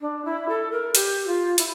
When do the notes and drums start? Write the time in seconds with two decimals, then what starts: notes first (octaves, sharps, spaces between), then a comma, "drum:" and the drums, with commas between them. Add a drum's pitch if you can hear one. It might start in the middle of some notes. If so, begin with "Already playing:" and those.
0.01 D4
0.25 E4
0.48 A4
0.71 A#4
0.95 G4, drum: hi-hat
1.27 F4
1.58 E4, drum: hi-hat